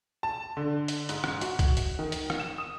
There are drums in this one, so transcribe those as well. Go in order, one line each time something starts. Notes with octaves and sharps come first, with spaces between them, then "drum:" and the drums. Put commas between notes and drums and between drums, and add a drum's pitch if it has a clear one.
A5
D3
drum: hi-hat
G#2, drum: hi-hat
drum: rim click
F#4, drum: hi-hat
drum: kick, hi-hat
drum: hi-hat
D#3
drum: hi-hat
drum: rim click
E7
D#6